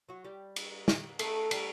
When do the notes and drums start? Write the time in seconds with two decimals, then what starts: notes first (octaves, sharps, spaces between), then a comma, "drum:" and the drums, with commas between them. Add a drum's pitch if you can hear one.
0.09 F#3 F#4
0.25 G3 G4
0.56 drum: cymbal
0.88 drum: snare
1.19 A3 A4, drum: cymbal
1.51 G3 G4, drum: cymbal